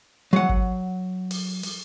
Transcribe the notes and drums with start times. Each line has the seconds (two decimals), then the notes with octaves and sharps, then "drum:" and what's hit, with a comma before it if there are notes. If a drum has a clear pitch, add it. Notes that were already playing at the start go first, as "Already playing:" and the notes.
0.33 F#3 F#5
0.49 drum: kick G#1
1.31 drum: open hi-hat
1.63 drum: open hi-hat